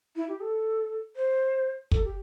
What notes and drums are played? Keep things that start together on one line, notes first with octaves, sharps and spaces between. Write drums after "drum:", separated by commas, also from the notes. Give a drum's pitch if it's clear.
E4
G4
A4
C5
A4, drum: kick
G4